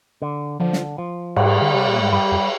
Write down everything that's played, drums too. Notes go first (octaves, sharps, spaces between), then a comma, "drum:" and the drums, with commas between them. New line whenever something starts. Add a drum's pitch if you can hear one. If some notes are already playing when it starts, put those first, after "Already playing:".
D3
D3 F3
drum: snare
F3
G#2 G3, drum: cymbal
D3
C3 G3
A#2
G#2
G2 G3
F2